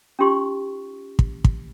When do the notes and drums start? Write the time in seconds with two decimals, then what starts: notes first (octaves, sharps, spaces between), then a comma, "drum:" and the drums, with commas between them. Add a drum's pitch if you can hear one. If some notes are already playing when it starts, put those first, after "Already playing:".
0.19 C#4 D#4 F4 G4 C6 C#6
1.19 drum: kick
1.44 drum: kick